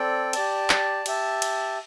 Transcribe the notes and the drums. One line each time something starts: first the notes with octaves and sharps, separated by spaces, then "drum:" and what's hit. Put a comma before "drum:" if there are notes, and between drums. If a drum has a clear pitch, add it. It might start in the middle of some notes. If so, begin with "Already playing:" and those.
Already playing: C4 A4 D5 G5
G4 D5 A5, drum: cymbal
drum: clap
G4 E5 A5, drum: cymbal
drum: cymbal